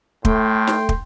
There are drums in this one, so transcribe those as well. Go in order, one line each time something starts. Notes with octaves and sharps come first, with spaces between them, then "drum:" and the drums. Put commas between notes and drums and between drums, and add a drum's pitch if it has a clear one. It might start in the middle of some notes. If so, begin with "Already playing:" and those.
A2 A3 G5 C6, drum: kick
drum: snare
drum: kick